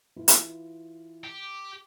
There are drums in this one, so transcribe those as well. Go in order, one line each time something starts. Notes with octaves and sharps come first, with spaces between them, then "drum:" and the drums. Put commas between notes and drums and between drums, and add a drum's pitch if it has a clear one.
E3 F4
drum: hi-hat
G4